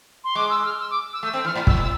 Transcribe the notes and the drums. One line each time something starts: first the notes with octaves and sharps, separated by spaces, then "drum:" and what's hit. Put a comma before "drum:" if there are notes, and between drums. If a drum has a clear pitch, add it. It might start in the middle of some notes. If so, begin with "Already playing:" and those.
C6
G#3 D6
E6
F6
E6
D6
E6
A3 E6
C4
E3 F6
A2
A2 E6, drum: kick
E6